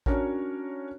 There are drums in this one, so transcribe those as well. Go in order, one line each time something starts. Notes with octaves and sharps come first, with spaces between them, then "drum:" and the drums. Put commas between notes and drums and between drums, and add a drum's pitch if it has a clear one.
C#4 D4 F#4 A#4 C#5, drum: kick A1